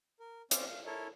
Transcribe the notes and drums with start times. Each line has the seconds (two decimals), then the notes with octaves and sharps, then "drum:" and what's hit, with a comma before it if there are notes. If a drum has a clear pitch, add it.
0.20 A#4
0.51 C4 C#4 D5 F5, drum: hi-hat
0.66 F5
0.86 E4 A4 A#4 C#5